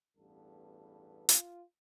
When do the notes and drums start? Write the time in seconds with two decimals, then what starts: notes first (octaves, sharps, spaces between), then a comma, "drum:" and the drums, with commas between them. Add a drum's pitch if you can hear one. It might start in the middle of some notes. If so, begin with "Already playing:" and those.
0.17 A1 E2 G2 B3 A4
1.29 F4, drum: hi-hat